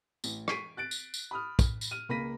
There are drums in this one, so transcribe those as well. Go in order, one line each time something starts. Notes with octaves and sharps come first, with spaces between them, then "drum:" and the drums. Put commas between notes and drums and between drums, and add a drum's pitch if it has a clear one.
A1, drum: tambourine
C#6 B6 C7 D7 D#7, drum: rim click
F#6 A6 D7
drum: tambourine
drum: tambourine
B5 D#6 F6
drum: kick, tambourine
drum: tambourine
F6 D#7
C#2 A#3 B5 A#6 B6 D#7